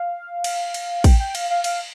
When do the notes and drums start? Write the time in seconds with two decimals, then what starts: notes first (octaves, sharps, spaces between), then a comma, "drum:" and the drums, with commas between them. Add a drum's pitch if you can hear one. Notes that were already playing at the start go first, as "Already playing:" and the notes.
Already playing: F5
0.44 drum: cymbal
0.74 drum: cymbal
1.04 G5, drum: kick, cymbal
1.20 G5
1.35 F5, drum: cymbal
1.50 F5
1.64 F5, drum: cymbal